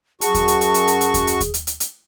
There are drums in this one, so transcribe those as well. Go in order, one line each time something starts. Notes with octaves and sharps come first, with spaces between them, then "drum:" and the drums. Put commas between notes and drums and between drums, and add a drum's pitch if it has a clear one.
F#2 F#4 G#4 A5 C#6, drum: hi-hat
drum: kick D#2, hi-hat
drum: hi-hat
drum: hi-hat
drum: hi-hat
drum: hi-hat
drum: hi-hat
drum: kick D#2, hi-hat
drum: hi-hat
drum: kick D#2, hi-hat
drum: hi-hat
drum: hi-hat
drum: hi-hat